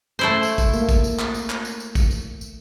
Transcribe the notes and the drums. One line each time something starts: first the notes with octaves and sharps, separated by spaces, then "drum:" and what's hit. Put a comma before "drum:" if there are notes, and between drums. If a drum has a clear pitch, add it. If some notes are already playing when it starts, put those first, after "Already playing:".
A3 E4 C5
drum: tambourine
drum: kick, tambourine
A#3, drum: tambourine
drum: kick, tambourine
drum: tambourine
drum: clap
drum: tambourine
drum: clap
drum: tambourine
drum: tambourine
drum: kick, tambourine
drum: tambourine
drum: tambourine